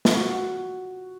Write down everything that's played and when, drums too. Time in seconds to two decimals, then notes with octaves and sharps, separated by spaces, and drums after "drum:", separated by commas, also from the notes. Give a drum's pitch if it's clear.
0.05 F4, drum: snare
0.15 F#4
0.32 F#4